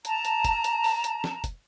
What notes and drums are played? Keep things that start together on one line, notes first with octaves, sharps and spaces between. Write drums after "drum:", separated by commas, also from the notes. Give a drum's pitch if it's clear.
A5 A#5, drum: hi-hat
drum: hi-hat
drum: kick, hi-hat
drum: hi-hat
drum: open hi-hat
drum: hi-hat
drum: snare
drum: kick, hi-hat